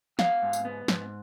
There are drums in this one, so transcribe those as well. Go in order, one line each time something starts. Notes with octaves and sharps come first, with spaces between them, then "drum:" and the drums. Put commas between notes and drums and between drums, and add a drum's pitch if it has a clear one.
B3 F5, drum: snare
G#2
drum: tambourine
B3
G#2, drum: snare